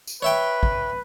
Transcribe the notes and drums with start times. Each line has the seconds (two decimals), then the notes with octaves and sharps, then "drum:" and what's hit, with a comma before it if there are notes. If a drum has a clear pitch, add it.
0.07 drum: tambourine
0.22 B4 C#5 E5 G5
0.63 drum: kick